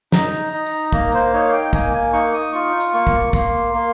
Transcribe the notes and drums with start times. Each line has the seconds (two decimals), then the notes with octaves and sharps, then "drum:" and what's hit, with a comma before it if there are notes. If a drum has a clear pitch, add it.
0.12 D#4 A#5, drum: snare
0.53 D#4
0.66 drum: tambourine
0.93 A#3 A#5, drum: kick
1.14 C5
1.33 D#4 C#5
1.49 F5
1.53 G5
1.73 A#3 G#5, drum: kick, tambourine
1.94 G#5
2.13 D#4 C#6
2.34 D#6
2.53 F4 C#6
2.80 drum: tambourine
2.93 A#3 C#6
3.07 drum: kick
3.33 A#3 C6, drum: kick, tambourine
3.74 A#3